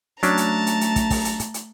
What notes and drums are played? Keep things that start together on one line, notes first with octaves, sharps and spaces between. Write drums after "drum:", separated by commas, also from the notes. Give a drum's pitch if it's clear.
F#3 A3 C#4 D4 A5 A#5, drum: hi-hat
drum: hi-hat
drum: hi-hat
drum: hi-hat
drum: kick, hi-hat
drum: kick, open hi-hat
drum: hi-hat
drum: hi-hat
drum: hi-hat